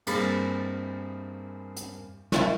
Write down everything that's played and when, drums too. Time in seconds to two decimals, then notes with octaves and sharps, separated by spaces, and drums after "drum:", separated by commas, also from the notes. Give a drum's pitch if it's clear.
0.07 G2 A#3 C4 G#4 B5, drum: cymbal
1.76 drum: hi-hat
2.32 A#4 E5, drum: snare